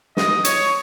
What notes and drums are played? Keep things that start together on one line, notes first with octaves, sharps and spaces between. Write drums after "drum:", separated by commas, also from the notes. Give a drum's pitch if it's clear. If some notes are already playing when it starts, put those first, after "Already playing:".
D#5, drum: snare
C#5, drum: hi-hat